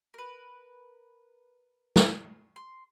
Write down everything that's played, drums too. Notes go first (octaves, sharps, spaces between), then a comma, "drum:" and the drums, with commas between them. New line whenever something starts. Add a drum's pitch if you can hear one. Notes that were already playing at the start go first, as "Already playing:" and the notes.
A#4 B4
drum: snare
C6